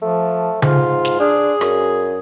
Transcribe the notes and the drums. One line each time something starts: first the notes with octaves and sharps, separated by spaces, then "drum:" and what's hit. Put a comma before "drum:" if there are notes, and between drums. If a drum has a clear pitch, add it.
F3 A3
G#2 F4, drum: tom C#3
drum: snare
D4 G#4
F#2, drum: rim click